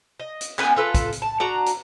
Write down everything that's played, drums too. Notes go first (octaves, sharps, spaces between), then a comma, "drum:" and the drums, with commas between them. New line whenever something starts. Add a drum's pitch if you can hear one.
D#5
drum: hi-hat
B3 C#4 G5 G#5, drum: clap
F4 A4 B4
drum: kick, hi-hat
drum: hi-hat
A5
D4 F#4 A#5
drum: hi-hat